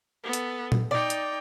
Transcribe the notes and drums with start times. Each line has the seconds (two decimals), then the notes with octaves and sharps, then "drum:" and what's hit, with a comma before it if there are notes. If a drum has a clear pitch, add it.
0.23 B3 A4
0.33 drum: hi-hat
0.72 drum: tom
0.91 D#4 D5 G5
1.10 drum: hi-hat